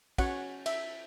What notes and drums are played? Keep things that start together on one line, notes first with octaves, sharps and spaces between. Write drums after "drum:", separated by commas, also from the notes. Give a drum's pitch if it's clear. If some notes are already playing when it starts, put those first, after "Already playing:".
C#4 F#4 C#5 F#5, drum: kick, cymbal
E5, drum: cymbal